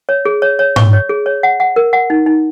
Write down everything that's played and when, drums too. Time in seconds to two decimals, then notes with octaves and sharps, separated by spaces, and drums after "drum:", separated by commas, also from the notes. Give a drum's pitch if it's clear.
0.09 C#5
0.25 G#4
0.42 C#5
0.59 C#5
0.76 C#6, drum: tom G#2
0.93 C#5
1.09 G#4
1.26 C#5
1.43 F#5
1.60 F#5
1.76 A#4
1.93 F#5
2.10 D#4
2.26 D#4